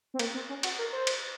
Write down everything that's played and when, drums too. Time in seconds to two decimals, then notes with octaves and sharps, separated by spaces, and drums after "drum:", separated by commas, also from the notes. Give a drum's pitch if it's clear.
0.14 C4
0.19 A#3, drum: cymbal
0.34 C4
0.49 C#4
0.63 F#4, drum: cymbal
0.78 A#4
0.93 C5
1.07 drum: cymbal